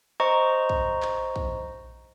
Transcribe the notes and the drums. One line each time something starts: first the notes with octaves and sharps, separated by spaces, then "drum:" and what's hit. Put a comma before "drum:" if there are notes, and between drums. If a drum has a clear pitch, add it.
C5 D#5 A#5 C#6
drum: kick
drum: clap
drum: kick